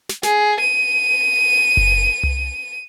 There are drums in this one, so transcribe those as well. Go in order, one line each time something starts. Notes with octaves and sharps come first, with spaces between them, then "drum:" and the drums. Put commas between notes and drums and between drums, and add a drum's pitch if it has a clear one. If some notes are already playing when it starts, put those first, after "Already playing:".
drum: snare
G#4, drum: snare
D#7
drum: kick F#1
drum: tom C2